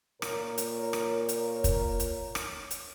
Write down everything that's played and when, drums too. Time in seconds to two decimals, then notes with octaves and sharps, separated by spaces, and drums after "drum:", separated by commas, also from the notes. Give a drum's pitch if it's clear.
0.22 A#2 A#4 C#5, drum: rim click
0.58 drum: hi-hat
0.93 drum: rim click
1.29 drum: hi-hat
1.64 drum: kick, hi-hat
2.00 drum: hi-hat
2.35 drum: rim click
2.71 drum: hi-hat